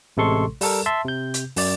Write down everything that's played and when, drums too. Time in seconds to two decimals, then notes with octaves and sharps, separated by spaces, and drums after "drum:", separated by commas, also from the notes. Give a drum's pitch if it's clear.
0.17 A1 C3 G#3 A4 C6 C#6
0.61 G3 A4 A#4, drum: open hi-hat
0.86 E5 A5 C6
1.04 C3 G6
1.34 drum: hi-hat
1.56 F#2 D5, drum: open hi-hat